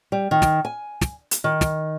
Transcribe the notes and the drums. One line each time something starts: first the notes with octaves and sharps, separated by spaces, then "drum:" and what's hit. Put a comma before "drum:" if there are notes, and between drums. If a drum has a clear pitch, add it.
G3
D#3
drum: snare
G#5
drum: snare
drum: hi-hat
D#3
drum: snare